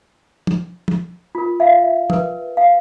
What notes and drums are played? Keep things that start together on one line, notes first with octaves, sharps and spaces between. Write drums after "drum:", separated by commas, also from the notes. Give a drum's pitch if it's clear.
drum: tom
drum: tom
F4 A#4
E5 F5
A#4 B4, drum: tom
F5